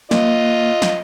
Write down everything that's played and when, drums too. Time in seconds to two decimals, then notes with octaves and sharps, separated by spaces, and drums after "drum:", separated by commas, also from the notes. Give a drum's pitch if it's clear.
0.11 A#3 F4 D#5, drum: snare
0.82 drum: snare